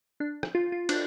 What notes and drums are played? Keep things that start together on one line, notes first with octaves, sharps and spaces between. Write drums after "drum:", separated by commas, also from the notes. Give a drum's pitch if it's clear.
D4
drum: rim click
F4
F4
D4, drum: cymbal